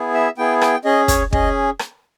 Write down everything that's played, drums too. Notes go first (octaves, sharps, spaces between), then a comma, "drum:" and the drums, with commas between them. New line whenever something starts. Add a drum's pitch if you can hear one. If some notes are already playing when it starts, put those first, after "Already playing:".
Already playing: B3 E4 G#4
E5
B3 E4 G#4 G5
G5, drum: rim click
C#4 G#4 D#5
C#5, drum: kick, hi-hat
C#4 G#4 D#5, drum: kick
drum: rim click